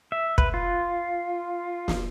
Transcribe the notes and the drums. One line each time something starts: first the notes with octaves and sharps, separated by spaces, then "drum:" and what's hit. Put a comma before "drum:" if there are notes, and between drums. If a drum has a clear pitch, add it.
E5
B4, drum: kick
F4
drum: snare